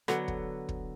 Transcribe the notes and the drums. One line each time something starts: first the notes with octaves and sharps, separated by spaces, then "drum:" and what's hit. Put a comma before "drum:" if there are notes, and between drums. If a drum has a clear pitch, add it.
D3 F#3 B3, drum: rim click
drum: kick
drum: kick